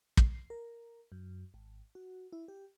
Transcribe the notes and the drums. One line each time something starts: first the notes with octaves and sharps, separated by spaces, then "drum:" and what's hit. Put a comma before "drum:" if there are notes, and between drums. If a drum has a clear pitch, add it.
C7, drum: kick
A#4
F#2
G#1
F#4
E4
G4